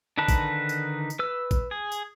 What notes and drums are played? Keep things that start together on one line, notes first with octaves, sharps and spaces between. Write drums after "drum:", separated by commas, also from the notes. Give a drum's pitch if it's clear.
D3 D#3 D#4 B4 A5
drum: kick, tambourine
drum: tambourine
drum: tambourine
B4 E6
drum: kick, tambourine
G#4
drum: tambourine